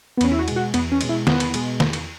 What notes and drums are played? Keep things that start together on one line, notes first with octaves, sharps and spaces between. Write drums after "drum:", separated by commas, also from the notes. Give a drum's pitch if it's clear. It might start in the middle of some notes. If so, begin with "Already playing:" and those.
B3
E2 C#4, drum: cymbal
E4
F#4
B2 G#3, drum: cymbal
F#4
E2 B3, drum: cymbal
C#4
B2 G#3, drum: cymbal
E4
E2 B3, drum: snare
drum: cymbal
B2 G#3, drum: cymbal
E2, drum: snare
drum: cymbal